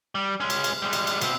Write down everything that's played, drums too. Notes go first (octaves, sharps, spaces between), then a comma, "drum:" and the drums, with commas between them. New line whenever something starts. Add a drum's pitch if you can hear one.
G3
G#3 C#4
drum: cymbal
drum: cymbal
G3 G#3
drum: cymbal
drum: cymbal
B2 C4, drum: cymbal